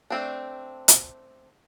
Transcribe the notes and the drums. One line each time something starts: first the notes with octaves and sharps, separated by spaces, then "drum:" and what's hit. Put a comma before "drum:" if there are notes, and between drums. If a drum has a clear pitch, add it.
A3 C4 D4
drum: hi-hat